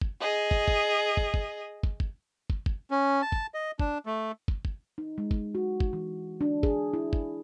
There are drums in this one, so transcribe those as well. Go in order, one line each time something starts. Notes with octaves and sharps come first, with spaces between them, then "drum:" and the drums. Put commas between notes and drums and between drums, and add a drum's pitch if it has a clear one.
drum: kick
G#4 D#5
drum: kick
drum: kick
drum: kick
drum: kick
drum: kick
drum: kick
drum: kick
drum: kick
C#4
A5
drum: kick
D#5
D4, drum: kick
A3
drum: kick
drum: kick
D#4
G#3
drum: kick
F#4
drum: kick
E3
D4
G#4, drum: kick
E4
drum: kick